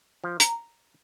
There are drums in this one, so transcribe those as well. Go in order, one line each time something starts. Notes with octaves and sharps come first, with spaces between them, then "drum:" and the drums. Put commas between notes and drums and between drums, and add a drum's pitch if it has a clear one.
F3
A#5, drum: hi-hat